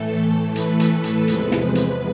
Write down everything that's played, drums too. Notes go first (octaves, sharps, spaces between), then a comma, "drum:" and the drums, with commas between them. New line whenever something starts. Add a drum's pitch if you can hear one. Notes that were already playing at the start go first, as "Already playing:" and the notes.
Already playing: A2 E3 A3 A4
B4, drum: hi-hat
drum: hi-hat
drum: hi-hat
E2 C3 F3 G#3, drum: hi-hat
drum: snare
drum: hi-hat